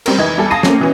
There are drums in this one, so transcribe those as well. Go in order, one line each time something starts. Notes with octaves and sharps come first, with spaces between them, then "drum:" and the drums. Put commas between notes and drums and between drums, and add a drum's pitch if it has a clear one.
G3 C4 A#4, drum: cymbal
F1 E3 D#4 E5 G#6
E2 G3 A4
F5 A5 D#6 A#6 C7 D#7
A3 A#3 C4 C#4, drum: snare
B2 E3 C#4